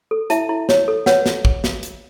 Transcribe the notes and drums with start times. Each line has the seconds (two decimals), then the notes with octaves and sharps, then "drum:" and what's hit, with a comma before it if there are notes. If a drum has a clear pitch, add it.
0.11 A4
0.30 E4 E5 A5, drum: hi-hat
0.49 E4
0.69 C#5, drum: snare
0.88 A4
1.06 B4 C#5 F#5, drum: snare
1.26 drum: snare
1.45 drum: kick
1.64 drum: snare
1.83 drum: hi-hat